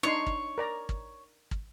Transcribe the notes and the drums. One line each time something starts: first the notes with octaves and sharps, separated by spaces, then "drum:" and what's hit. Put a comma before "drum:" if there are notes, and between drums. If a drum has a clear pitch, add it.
D4 D#4 C#5 C6
drum: kick
A#4 D5 A#5
drum: kick
drum: kick